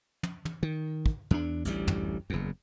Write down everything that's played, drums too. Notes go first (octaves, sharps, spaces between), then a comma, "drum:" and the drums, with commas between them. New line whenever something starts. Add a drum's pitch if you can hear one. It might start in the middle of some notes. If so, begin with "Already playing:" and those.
drum: tom
drum: tom
D#3
drum: kick
E2 D4
A1 D2 G3, drum: hi-hat
drum: tom
F#1 E2